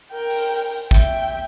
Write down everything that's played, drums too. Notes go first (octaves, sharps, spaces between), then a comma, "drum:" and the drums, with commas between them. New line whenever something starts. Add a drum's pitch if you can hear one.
A#4 G5
drum: open hi-hat
E5 G5, drum: kick